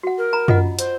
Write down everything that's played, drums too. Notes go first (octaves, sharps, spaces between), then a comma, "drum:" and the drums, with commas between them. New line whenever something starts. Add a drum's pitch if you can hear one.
F#4 F#5
A#4
A#5 B5
F4 D#5 F#5, drum: tom F#2
C5, drum: hi-hat